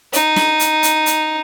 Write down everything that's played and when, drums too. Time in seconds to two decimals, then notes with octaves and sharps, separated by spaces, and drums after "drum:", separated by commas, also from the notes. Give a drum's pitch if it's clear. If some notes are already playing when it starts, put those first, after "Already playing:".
0.13 D#4, drum: hi-hat
0.36 drum: snare
0.60 drum: hi-hat
0.83 drum: hi-hat
1.06 drum: hi-hat